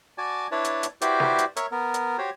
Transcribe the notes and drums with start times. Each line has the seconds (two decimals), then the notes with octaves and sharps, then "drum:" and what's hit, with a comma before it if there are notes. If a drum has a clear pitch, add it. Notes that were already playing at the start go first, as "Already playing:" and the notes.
0.18 F#4 D5 G#5 A5
0.52 D4 E4 B4 C#5 A5
0.64 drum: hi-hat
0.83 drum: hi-hat
1.01 E4 F#4 G4 B4 C5 D5, drum: hi-hat
1.20 drum: snare
1.38 drum: hi-hat
1.56 A#4 C#5 E5 C#6, drum: hi-hat
1.72 B3 A#4
1.94 drum: hi-hat
2.18 F#4 G4 C5 C#5